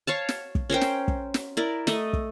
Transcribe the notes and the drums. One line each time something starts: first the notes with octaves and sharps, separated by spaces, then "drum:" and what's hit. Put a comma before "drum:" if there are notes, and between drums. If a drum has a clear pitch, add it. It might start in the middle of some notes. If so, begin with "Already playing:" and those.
C#5 F5 A5
drum: snare
drum: kick
C#4 A#4 C5 G5
drum: snare
drum: kick
drum: snare
E4 A#4 D5
A3 D#5, drum: snare
drum: kick